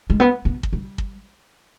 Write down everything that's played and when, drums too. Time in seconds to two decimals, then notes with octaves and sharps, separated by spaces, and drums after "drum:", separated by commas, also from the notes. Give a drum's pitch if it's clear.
0.10 G#3
0.20 B3
0.45 B3
0.63 drum: kick
0.73 G3
0.98 drum: kick